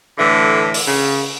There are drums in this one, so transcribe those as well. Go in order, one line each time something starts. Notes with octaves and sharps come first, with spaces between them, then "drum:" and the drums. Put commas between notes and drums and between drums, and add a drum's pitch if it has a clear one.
A2 D3 E3
drum: open hi-hat
C#3